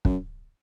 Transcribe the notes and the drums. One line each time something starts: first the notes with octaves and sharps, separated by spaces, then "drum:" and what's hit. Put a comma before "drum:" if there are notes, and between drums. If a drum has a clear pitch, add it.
F#2, drum: kick